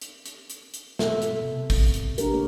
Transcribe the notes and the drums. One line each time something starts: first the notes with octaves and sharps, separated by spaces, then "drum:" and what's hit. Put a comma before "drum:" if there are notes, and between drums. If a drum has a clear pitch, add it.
drum: hi-hat
drum: hi-hat
drum: hi-hat
drum: hi-hat
B2 A4 E5, drum: snare
drum: hi-hat
C3
drum: kick, open hi-hat
drum: hi-hat
E3 A3 D4 G4 A#4, drum: hi-hat
A#3 C#5